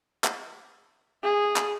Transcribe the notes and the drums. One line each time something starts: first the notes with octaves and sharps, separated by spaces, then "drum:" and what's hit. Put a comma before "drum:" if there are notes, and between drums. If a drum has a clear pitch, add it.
drum: clap
G#4
drum: clap